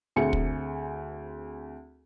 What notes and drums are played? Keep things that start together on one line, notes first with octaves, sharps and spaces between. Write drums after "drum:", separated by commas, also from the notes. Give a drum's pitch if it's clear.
D2 C4 G#4 G#5 C#7
drum: kick